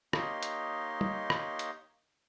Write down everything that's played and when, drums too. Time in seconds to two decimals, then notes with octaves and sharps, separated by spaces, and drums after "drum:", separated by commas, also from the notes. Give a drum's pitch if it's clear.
0.13 A#3 D#4 G4 C#5 D#5 C6, drum: rim click
0.43 drum: hi-hat
1.01 drum: tom
1.30 drum: rim click
1.59 drum: hi-hat